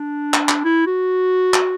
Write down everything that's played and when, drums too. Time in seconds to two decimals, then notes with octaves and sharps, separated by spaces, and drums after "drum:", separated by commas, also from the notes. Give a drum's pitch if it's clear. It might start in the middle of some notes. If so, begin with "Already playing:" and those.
Already playing: D4
0.34 drum: clap
0.49 drum: clap
0.64 E4
0.87 F#4
1.54 drum: clap